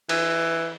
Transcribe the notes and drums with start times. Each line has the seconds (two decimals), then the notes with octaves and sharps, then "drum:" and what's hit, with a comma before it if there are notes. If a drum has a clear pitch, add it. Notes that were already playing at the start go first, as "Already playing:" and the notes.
0.09 E3, drum: cymbal